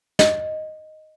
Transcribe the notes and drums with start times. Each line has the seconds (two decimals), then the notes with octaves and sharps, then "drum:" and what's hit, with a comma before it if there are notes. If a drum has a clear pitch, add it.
0.19 D#5, drum: snare